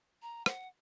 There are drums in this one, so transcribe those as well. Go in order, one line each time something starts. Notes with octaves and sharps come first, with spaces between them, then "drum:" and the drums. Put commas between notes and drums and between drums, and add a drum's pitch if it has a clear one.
A#5
F#5, drum: rim click